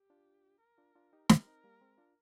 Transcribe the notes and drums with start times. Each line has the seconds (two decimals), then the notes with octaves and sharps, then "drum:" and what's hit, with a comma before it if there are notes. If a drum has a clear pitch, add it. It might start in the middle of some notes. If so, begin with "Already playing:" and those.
Already playing: G4
0.10 D4 F4
0.61 A#4
0.78 D4 F4
0.95 D4 F4
1.13 D#4 G4
1.29 D#4 G4 A#4, drum: snare
1.46 C4 D#4
1.64 G3 A#3
1.81 G#3 C4
1.98 D4 F4